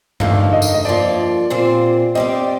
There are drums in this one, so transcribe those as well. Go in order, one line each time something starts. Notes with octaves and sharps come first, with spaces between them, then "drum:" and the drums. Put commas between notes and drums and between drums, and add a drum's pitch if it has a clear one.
G2 D3 A3 D#4 A#4 F5, drum: tom G2
D#5
drum: tambourine
D#5
G2 F3 A#3 F4 D5
A#2 G3 C4 F4 C5
G3 C4 G4 D5 D#5